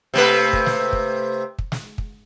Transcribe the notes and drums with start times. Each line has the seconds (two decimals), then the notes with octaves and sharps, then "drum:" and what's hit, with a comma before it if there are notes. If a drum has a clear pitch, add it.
0.14 C3 A3 B4
0.53 drum: kick
0.66 drum: snare
0.93 drum: kick
1.59 drum: kick
1.72 drum: snare
1.98 drum: kick